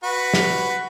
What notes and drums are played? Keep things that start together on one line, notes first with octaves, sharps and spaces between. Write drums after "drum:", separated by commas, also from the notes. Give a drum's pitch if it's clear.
F#4 B4
drum: snare